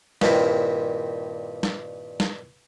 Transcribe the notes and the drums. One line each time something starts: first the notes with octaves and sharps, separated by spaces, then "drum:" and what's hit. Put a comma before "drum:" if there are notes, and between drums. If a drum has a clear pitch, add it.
G2 A#2 D#3 C4 E4, drum: snare
drum: snare
drum: snare